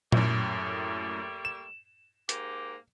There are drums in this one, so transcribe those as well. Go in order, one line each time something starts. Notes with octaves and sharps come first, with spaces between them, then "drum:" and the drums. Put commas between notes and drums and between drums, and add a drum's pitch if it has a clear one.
F#2 A2 G3 A3 A#3, drum: tom A#2
E7
G#2 A#3 G4, drum: hi-hat